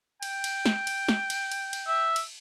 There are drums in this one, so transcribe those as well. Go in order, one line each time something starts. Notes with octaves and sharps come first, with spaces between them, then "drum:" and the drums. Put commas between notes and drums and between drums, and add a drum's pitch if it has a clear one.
G5, drum: cymbal
drum: cymbal
drum: snare
drum: cymbal
drum: snare
drum: cymbal
drum: cymbal
drum: cymbal
E5
drum: cymbal